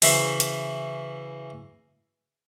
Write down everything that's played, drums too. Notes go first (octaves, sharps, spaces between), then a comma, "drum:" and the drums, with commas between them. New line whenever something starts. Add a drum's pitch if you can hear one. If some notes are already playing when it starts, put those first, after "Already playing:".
C#3 E3 F#4 C5 E5 B5, drum: open hi-hat
drum: hi-hat